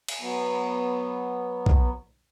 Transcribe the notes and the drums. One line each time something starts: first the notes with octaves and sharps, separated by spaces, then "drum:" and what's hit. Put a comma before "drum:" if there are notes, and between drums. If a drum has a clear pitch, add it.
drum: cymbal
F#3 B3
drum: kick A#1